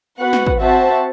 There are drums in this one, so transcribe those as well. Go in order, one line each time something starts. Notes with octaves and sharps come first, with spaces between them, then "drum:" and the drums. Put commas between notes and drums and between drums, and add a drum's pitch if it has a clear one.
B3 F#4 B4 F#5
drum: snare
drum: kick
C4 F#4 C5 E5 A5